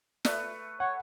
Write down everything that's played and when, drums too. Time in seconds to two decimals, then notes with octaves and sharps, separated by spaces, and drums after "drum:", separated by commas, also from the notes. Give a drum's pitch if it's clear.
0.25 A3 B4 D5 D#6 F#6, drum: snare
0.80 C#5 F#5